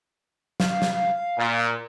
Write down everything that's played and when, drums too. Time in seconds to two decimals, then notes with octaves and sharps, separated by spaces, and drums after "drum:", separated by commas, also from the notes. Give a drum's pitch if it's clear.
0.60 F5, drum: snare
0.82 drum: snare
1.37 A#2